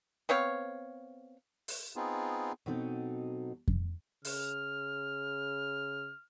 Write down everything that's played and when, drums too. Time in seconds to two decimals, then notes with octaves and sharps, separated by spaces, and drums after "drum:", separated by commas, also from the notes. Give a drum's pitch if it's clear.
0.29 B3 C4 C#5 F5
1.68 drum: open hi-hat
1.96 B3 C4 D#4 F4 G#4
2.66 B2 F#3 C4 D#4 A4
3.68 drum: kick F2
4.25 C#3 F6, drum: open hi-hat